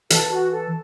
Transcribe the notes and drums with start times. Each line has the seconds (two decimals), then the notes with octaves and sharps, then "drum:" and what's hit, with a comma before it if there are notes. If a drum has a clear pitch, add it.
0.10 E3 A4, drum: hi-hat
0.31 F#4
0.51 A4